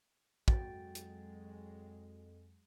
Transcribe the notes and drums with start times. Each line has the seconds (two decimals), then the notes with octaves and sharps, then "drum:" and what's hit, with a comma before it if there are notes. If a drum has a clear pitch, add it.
0.48 F2 F#3 G#3 F#4 G5 A6, drum: kick
0.95 drum: hi-hat